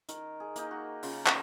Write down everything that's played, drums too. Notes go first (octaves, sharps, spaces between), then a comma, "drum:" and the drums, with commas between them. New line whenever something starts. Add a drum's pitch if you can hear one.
D#3 A#4, drum: hi-hat
G#4
A#3 D#4, drum: hi-hat
F#4
C#3 F4, drum: open hi-hat
drum: clap